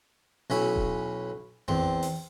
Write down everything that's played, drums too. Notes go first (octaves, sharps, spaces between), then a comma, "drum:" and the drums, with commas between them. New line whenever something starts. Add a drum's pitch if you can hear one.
B1 C#4 E4 B5
drum: kick D#1
E2 C4, drum: tom F2
drum: open hi-hat